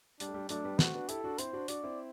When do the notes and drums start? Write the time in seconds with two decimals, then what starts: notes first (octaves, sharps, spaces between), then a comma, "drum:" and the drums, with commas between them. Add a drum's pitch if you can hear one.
0.20 G3 D4, drum: hi-hat
0.28 A3
0.34 G3
0.49 F#3 A3 D4, drum: hi-hat
0.64 G3 B3
0.79 A3 C4 F#4, drum: snare
0.94 B3 D4
1.09 E4 G4 A4, drum: hi-hat
1.24 D4 F#4
1.38 C4 E4 C5, drum: hi-hat
1.53 D4 F#4
1.68 D4 F#4 D5, drum: hi-hat
1.83 C4 E4